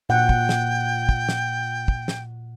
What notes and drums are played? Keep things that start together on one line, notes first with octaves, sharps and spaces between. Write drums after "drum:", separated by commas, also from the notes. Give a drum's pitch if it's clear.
A#2 F#5 G5
drum: kick
drum: snare
drum: kick
drum: snare
drum: kick
drum: snare